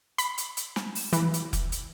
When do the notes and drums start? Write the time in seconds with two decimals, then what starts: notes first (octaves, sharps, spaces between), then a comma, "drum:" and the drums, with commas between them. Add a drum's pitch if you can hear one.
0.18 B5, drum: hi-hat
0.38 drum: hi-hat
0.57 drum: hi-hat
0.76 drum: snare
0.95 drum: open hi-hat
1.13 E3, drum: hi-hat
1.34 drum: hi-hat
1.53 drum: kick F1, hi-hat
1.72 drum: hi-hat